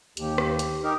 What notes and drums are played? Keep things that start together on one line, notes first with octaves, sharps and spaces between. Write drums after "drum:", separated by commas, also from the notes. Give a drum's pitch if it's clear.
D#2 G4, drum: hi-hat
drum: rim click
drum: hi-hat
D#4 G4 A#4 D#6